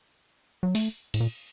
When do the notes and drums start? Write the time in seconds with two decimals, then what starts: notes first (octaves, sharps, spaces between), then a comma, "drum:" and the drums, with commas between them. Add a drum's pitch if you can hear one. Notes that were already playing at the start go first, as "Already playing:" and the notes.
0.63 F#3
0.75 A3, drum: open hi-hat
1.14 A2, drum: cymbal
1.20 A#2